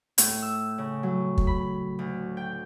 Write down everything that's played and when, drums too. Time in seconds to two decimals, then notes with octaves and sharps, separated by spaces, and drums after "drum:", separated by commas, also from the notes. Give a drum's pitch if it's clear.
0.18 A2, drum: hi-hat
0.42 E6
0.78 C#3
1.03 F#3
1.38 drum: kick
1.47 B5
1.99 D2
2.37 G5